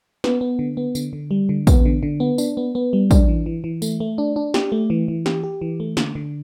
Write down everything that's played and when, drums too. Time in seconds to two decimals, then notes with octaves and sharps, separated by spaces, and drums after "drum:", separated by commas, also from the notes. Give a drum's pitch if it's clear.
0.24 B3, drum: snare
0.41 B3
0.59 D3
0.77 B3
0.95 D3, drum: tambourine
1.13 D3
1.31 G3
1.49 D3
1.67 B3, drum: kick, tambourine
1.85 D3
2.03 D3
2.20 B3
2.38 D4, drum: tambourine
2.57 B3
2.75 B3
2.93 G3
3.11 D4, drum: kick, tambourine
3.28 E3
3.46 E3
3.64 E3
3.82 A3, drum: tambourine
4.00 A3
4.18 D4
4.36 D4
4.54 G4, drum: snare
4.72 A3
4.90 E3
5.08 E3
5.26 G4, drum: snare
5.43 G4
5.61 E3
5.80 A3
5.97 D3, drum: snare
6.15 D3